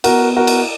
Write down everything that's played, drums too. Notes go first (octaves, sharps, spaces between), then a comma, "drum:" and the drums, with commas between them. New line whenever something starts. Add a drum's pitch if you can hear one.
B3 F#4 A#4, drum: cymbal
F#4 A#4
drum: cymbal